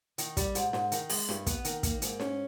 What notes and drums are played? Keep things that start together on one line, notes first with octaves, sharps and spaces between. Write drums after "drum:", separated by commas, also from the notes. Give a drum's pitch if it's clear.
D#3, drum: hi-hat
G3, drum: kick, hi-hat
G#2, drum: hi-hat
G#2, drum: snare
D#3, drum: hi-hat
G#3, drum: open hi-hat
G2, drum: snare
B3, drum: kick, hi-hat
D#3, drum: hi-hat
A#3, drum: kick, hi-hat
G#2, drum: hi-hat
C#4, drum: snare